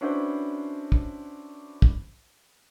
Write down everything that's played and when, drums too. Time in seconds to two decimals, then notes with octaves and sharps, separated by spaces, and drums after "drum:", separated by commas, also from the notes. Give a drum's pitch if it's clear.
0.01 C#4 D4 E4 F#4 B4 C5
0.92 drum: kick
1.82 drum: kick